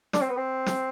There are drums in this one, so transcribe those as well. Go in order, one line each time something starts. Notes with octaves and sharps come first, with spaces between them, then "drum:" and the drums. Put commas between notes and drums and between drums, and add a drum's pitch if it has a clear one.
D4, drum: snare
C4
B3
C4
drum: snare